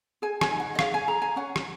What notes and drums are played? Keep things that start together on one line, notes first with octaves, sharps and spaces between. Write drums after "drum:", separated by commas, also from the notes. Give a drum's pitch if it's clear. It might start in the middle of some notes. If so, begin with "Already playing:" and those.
G#4 G#5
G#5, drum: rim click
D#4
F#5
D#5
G#4 F5, drum: rim click
G#5
G#4 A#5
G#5
C#4 F#5
drum: rim click